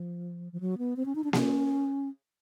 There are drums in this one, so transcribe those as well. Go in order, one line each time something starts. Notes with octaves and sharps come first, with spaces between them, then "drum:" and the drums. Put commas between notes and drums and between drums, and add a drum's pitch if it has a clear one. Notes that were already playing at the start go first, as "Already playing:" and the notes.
Already playing: F3
F3
F#3
B3
C4
C#4
D#4
D4
C#4, drum: snare A#3